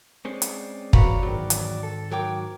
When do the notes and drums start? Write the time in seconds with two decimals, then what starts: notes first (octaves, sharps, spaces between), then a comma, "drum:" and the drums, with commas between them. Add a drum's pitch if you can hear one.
0.25 G#3 C4 C#4 D5
0.42 drum: hi-hat
0.93 F#4 B4 C#5 F5 A#5 B5, drum: kick
1.23 E2 G#2 D#3 F#3
1.50 drum: hi-hat
1.82 A4
2.12 F#3 A#4 C#5 G5 D6